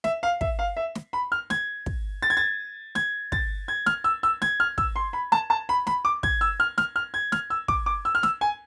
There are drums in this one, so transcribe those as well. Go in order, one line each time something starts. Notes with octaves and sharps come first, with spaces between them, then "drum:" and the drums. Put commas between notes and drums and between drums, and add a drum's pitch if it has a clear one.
E5, drum: snare
F5
E5, drum: kick
F5
E5
drum: snare
B5
F6
G#6, drum: snare
drum: kick
A6
G#6
A6
G#6, drum: snare
A6, drum: kick
G#6
F6, drum: snare
E6
E6
G#6, drum: snare
F6
E6, drum: kick
C6
B5
A5, drum: snare
A5
B5
B5, drum: snare
D6
G#6, drum: kick
E6
F6
F6, drum: snare
F6
G#6
F6, drum: snare
E6
D6, drum: kick
D6
E6
F6
E6, drum: snare
G#5